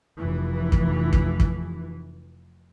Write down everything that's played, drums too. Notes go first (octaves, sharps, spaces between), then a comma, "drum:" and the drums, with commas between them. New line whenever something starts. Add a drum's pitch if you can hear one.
F1 E3
drum: kick
drum: kick
drum: kick